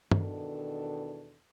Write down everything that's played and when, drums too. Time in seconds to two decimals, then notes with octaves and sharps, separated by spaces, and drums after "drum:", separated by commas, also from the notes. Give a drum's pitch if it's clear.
0.11 E2 B2 D#3 D4 A4, drum: tom G2